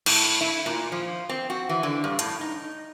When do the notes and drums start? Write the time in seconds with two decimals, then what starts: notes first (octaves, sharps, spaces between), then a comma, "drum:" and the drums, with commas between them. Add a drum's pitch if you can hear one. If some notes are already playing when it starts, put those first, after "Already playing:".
0.06 A2, drum: cymbal
0.41 E4
0.66 A#2
0.92 F3
1.29 C4
1.50 F#4
1.69 E3
1.83 D3
2.04 G2
2.19 A2, drum: hi-hat
2.41 D#4